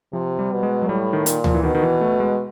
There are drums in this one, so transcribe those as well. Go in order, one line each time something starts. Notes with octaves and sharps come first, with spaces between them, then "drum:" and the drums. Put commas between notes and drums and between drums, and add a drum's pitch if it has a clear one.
C3 F3
G3
B2
G#3
F#3
A2 G3
D#3
A#2, drum: hi-hat
F3, drum: tom D2
E3
B2 D#3
D#3
E3
A3
G#3